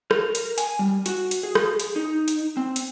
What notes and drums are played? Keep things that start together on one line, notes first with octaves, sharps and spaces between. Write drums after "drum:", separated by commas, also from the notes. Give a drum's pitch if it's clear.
A#4, drum: rim click
drum: hi-hat
G#5, drum: hi-hat
G3
F#4, drum: hi-hat
drum: hi-hat
G#4
drum: rim click
drum: hi-hat
D#4
drum: hi-hat
C4
drum: hi-hat